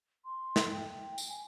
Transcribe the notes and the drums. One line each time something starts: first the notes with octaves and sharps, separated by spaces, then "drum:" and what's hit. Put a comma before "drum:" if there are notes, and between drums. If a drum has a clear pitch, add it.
C6
drum: snare
G5
drum: tambourine
G#5